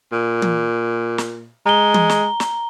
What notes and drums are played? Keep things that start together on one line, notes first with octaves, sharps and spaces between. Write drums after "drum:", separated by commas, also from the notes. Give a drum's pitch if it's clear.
A#2
drum: tom
drum: snare
G#3 A#5 G7
drum: tom
drum: snare
drum: snare